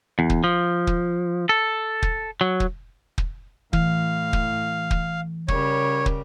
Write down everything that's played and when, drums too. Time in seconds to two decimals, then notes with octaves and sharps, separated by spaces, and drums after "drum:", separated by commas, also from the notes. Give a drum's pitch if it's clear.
0.19 E2
0.30 drum: kick
0.44 F3
0.87 drum: kick
1.49 A4
2.02 drum: kick
2.41 F#3
2.60 drum: kick
3.18 drum: kick
3.73 A2 E3 F5, drum: kick
4.33 drum: kick
4.91 drum: kick
5.48 C#3 G3 A#4 C#5, drum: kick
6.06 drum: kick